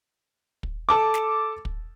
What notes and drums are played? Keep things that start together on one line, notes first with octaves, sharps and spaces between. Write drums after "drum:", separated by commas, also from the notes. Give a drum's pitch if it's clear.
drum: kick
A4 A5 D6
drum: snare
drum: kick